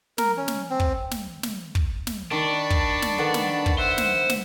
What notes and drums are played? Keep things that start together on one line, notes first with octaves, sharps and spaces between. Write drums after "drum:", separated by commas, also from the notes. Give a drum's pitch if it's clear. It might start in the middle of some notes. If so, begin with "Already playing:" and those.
A#4, drum: snare
C#4
drum: snare
C4
drum: kick
drum: snare
drum: snare
drum: kick
drum: snare
D#3 D4 A5 B5 C#6
drum: kick
drum: snare
D3 D#3 B3
drum: snare
drum: kick
C5 E5 F#5
drum: snare
drum: snare